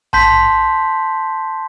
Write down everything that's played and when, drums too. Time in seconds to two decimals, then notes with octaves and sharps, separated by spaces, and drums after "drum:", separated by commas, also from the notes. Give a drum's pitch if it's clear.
0.13 A5 C6 G6 B6, drum: tom A#1